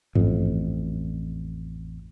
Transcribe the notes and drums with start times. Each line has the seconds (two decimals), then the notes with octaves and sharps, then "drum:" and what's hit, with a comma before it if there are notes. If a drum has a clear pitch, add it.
0.15 A1 F2, drum: tom G2